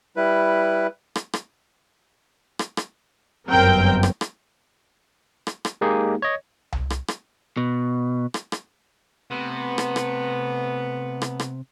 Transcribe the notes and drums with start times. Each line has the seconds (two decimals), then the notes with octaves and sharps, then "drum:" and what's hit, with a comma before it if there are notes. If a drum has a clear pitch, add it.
0.16 G3 E4 B4
1.16 drum: rim click
1.33 drum: rim click
2.59 drum: rim click
2.77 drum: rim click
3.49 G1 F#2 C4 A#4 G5
4.03 drum: rim click
4.21 drum: rim click
5.47 drum: rim click
5.65 drum: rim click
5.81 G#3 A#3 D#4 G4 G#4
6.22 C#5 D#5
6.72 drum: tom C2
6.90 drum: rim click
7.08 drum: rim click
7.57 B2
8.34 drum: rim click
8.52 drum: rim click
9.31 C3 A3 B3
9.78 drum: rim click
9.96 drum: rim click
11.22 drum: rim click
11.40 drum: rim click